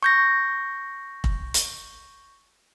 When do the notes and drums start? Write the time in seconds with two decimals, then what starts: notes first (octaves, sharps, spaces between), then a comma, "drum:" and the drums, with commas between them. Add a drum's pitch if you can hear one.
0.03 C#6 G6 A#6
1.24 drum: kick
1.54 drum: hi-hat